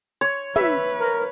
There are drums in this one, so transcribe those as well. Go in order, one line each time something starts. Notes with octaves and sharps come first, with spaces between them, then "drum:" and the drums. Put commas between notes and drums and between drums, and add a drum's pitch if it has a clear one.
C#5
B4 E5, drum: tom
drum: hi-hat
A#4